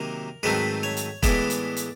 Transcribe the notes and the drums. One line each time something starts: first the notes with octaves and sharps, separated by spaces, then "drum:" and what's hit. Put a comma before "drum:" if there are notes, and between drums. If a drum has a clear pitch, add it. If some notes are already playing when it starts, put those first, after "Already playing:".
Already playing: C3 D#3 F#3 A#3 A#4
G#2 D#3 F#3 A3 C4 B4
C#5
drum: hi-hat
A2 E3 G#3 B3 E4 D5, drum: kick E1, hi-hat
drum: hi-hat
drum: hi-hat